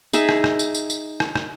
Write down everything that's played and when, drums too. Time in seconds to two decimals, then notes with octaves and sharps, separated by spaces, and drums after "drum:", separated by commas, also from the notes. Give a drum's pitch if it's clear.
0.13 D#4 G#4 E5, drum: tambourine
0.29 drum: rim click
0.44 drum: rim click
0.59 drum: tambourine
0.74 drum: tambourine
0.90 drum: tambourine
1.20 drum: rim click
1.35 drum: rim click